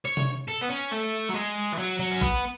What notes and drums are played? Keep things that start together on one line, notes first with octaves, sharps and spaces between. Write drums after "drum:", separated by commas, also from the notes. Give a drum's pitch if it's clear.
C#5
drum: tom C3
A4
B3
C#4
A3
F#3
G#3
E3
F#3
F#3
C#4
B3, drum: kick A1